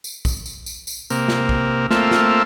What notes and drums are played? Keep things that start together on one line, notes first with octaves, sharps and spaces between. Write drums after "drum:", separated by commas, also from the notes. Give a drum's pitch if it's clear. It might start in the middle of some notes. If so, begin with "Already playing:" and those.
drum: tambourine
drum: kick, tambourine
drum: tambourine
drum: tambourine
drum: tambourine
C3 A#3, drum: tambourine
drum: snare
drum: kick
A3 A#3 C4 F4 E5, drum: snare
drum: snare